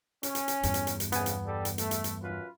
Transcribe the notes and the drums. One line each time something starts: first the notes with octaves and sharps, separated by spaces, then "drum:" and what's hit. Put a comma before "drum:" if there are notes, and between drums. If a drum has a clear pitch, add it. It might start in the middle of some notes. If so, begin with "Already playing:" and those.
C#4, drum: hi-hat
drum: hi-hat
drum: hi-hat
E2 G2, drum: hi-hat
drum: hi-hat
drum: hi-hat
drum: hi-hat
C2 C#3 B3 G#5, drum: hi-hat
drum: hi-hat
G3 G4 A4
drum: hi-hat
A3, drum: hi-hat
drum: hi-hat
drum: hi-hat
F#2 F4 B4